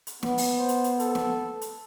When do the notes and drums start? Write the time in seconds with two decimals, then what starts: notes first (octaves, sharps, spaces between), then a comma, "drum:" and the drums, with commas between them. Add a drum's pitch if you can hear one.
0.07 drum: hi-hat
0.23 B3, drum: snare
0.38 drum: open hi-hat
0.59 C5
0.69 drum: hi-hat
0.84 drum: hi-hat
1.00 A4, drum: hi-hat
1.15 drum: snare
1.61 drum: hi-hat